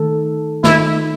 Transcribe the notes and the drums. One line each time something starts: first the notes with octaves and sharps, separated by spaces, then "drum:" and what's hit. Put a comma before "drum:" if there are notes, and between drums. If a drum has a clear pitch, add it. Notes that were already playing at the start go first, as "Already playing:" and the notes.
Already playing: D#3 A3 D#4 A4
D#3 A3 D#4 E4 A4, drum: snare